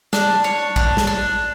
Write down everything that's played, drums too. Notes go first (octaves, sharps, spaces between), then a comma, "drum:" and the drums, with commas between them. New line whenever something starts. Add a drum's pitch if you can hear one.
D4, drum: snare
C#5
D4, drum: kick
drum: snare
D4